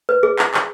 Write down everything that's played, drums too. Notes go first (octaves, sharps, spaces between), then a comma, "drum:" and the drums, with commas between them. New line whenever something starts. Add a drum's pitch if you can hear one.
B4
G#4
drum: clap
drum: clap